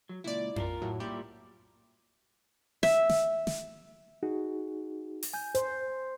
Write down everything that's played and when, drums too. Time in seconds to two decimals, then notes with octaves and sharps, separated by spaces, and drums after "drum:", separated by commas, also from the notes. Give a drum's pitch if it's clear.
0.09 F#3
0.24 C#2 A#2 E4 D5
0.56 F4 A4 A#4, drum: tom F2
0.82 A2 F#3
1.00 A#2 G3 E4 G4
2.83 E5, drum: snare
3.09 drum: snare
3.47 drum: snare
4.23 D#4 F#4 G#4
5.23 drum: open hi-hat
5.34 G#5 G6
5.55 C5, drum: hi-hat